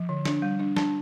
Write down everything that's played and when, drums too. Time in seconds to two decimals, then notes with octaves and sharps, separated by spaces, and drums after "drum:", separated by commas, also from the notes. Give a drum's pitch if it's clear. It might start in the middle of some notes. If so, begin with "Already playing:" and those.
Already playing: F3
0.09 D3
0.25 D4, drum: snare
0.42 G3
0.59 D4
0.76 D4 A5, drum: snare